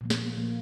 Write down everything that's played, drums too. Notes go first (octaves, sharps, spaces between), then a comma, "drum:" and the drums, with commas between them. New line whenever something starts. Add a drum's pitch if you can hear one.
A#2 F3 A#3
drum: snare
A#2 F3 A#3